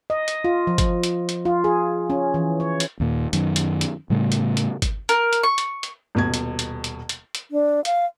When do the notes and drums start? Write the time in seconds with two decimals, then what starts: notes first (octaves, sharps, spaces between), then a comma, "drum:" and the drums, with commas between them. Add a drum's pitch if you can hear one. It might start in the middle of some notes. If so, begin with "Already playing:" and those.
0.10 D#5
0.28 drum: hi-hat
0.44 F4
0.67 F3
0.78 drum: kick G1, hi-hat
1.04 drum: hi-hat
1.29 drum: hi-hat
1.45 F4
1.64 G#4
2.10 C#4
2.34 E3
2.60 C#5
2.80 drum: hi-hat
3.00 D#2 A#2
3.33 F#2 D#3, drum: hi-hat
3.56 drum: hi-hat
3.81 drum: hi-hat
4.10 A2 C#3 G3 A3
4.32 drum: hi-hat
4.57 drum: hi-hat
4.82 drum: kick G1, hi-hat
5.09 A#4, drum: hi-hat
5.33 drum: hi-hat
5.43 C#6
5.58 drum: hi-hat
5.83 drum: hi-hat
6.15 D#1 B2 G#6
6.34 drum: hi-hat
6.59 drum: hi-hat
6.84 drum: hi-hat
7.09 drum: hi-hat
7.35 drum: hi-hat
7.51 D4
7.85 F5, drum: hi-hat